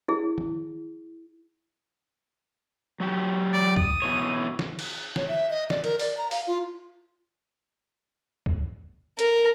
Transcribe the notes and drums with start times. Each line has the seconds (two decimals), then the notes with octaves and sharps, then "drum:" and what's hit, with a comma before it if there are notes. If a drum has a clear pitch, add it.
0.08 E4 G#4
0.38 drum: tom D#3
3.00 F#3 F#4 G4
3.53 D5
3.76 D#6, drum: kick C#2
4.02 B2 E3 C#5
4.59 drum: snare
4.79 drum: cymbal
5.16 C#5, drum: snare
5.28 E5
5.50 D#5
5.70 D5, drum: snare
5.84 A#4, drum: cymbal
5.99 D5, drum: open hi-hat
6.17 A#5
6.31 F5, drum: open hi-hat
6.47 F4
8.46 drum: kick C#2
9.19 A#4, drum: hi-hat